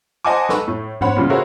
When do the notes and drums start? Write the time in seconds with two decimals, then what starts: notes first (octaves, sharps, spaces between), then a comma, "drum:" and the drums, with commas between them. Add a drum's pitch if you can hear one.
0.25 C5 D#5 F#5 G#5 A5 D6
0.49 A4 B4 C#6, drum: snare
0.68 A2
1.01 C5 C#5 F#5 B5, drum: tom G#2
1.17 A#2 C#3 E3
1.30 E4 F#4 G#4 A#4 C5 C#5